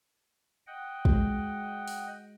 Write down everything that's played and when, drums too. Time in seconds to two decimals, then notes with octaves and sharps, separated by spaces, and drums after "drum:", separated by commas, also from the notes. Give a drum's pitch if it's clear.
0.67 D#5 F#5 G5
1.05 G#3 F#4, drum: kick
1.88 drum: open hi-hat